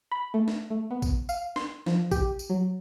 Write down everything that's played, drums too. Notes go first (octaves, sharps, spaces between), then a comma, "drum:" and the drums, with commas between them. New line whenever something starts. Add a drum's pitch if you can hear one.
B5
A3
drum: snare
A3
B3
drum: kick A1, tambourine
F5, drum: tambourine
C6, drum: snare
F3, drum: snare
G4, drum: kick A1, tambourine
drum: tambourine
F#3